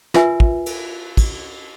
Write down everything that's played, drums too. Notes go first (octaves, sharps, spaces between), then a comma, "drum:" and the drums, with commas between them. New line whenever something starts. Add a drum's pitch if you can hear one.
F4 A#4 B4 E5 G#5, drum: snare
drum: kick
drum: cymbal
drum: kick, cymbal